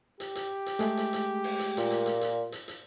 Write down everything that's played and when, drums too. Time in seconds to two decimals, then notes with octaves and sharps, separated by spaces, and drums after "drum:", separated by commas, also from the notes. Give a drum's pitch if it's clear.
0.20 G4, drum: hi-hat
0.35 drum: hi-hat
0.66 drum: hi-hat
0.79 G#3 A3 G#4, drum: hi-hat
0.97 drum: hi-hat
1.13 drum: hi-hat
1.44 drum: open hi-hat
1.59 drum: hi-hat
1.77 A#2, drum: hi-hat
1.90 drum: hi-hat
2.06 drum: hi-hat
2.21 drum: hi-hat
2.52 drum: hi-hat
2.68 drum: hi-hat